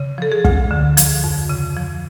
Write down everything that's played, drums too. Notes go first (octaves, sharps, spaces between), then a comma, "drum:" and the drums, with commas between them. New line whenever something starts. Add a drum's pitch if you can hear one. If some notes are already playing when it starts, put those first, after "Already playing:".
Already playing: C#3
F3 A4
G#4
D2, drum: kick
D3
F3, drum: hi-hat
F2
C#3
F3